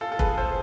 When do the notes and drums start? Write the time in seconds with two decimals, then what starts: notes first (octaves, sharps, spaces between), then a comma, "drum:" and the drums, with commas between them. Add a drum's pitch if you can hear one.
0.01 F4 A4
0.12 A4
0.19 G#4 B4, drum: kick F1
0.38 A4 C5